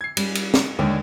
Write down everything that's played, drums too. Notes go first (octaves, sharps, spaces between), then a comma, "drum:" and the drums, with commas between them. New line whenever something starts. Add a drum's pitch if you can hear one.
G#6 C7
G3 C#4, drum: cymbal
drum: cymbal
drum: snare
D#2 D3 G#3 C#5 D5